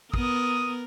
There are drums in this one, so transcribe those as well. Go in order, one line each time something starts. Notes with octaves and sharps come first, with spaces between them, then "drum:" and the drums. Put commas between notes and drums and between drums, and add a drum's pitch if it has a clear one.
B3 A#4 D#6, drum: kick